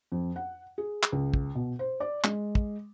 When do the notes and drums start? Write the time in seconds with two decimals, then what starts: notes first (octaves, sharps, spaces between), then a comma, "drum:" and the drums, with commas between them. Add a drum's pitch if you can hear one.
0.12 F2
0.36 F#5
0.78 G#4
1.03 drum: clap
1.12 C#2
1.34 drum: kick
1.55 B2
1.79 C5
2.00 D5
2.24 G#3, drum: clap
2.55 drum: kick